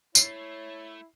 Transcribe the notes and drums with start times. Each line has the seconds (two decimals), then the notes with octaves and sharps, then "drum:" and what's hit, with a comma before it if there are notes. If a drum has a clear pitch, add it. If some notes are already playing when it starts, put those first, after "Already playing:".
0.15 A3 E4 C#5 C7, drum: tambourine